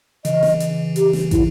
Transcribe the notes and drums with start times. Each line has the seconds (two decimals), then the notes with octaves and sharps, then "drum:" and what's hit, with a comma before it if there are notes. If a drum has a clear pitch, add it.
0.25 C#3 E3 D#5, drum: hi-hat
0.43 drum: snare
0.60 drum: hi-hat
0.96 G4, drum: hi-hat
1.13 drum: snare
1.31 E4, drum: kick, hi-hat